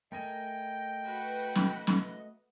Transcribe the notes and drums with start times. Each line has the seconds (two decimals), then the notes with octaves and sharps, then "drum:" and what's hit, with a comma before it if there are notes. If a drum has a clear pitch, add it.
0.12 A3 A#4 D#5 G5 G#5
1.05 F#4 B4 F#5
1.55 drum: snare
1.87 drum: snare